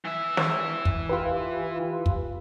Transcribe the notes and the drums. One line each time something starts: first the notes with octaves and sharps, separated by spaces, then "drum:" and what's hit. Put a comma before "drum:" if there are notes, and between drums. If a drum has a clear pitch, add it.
E3 E5
drum: snare
drum: kick
F4 G4 B4
drum: kick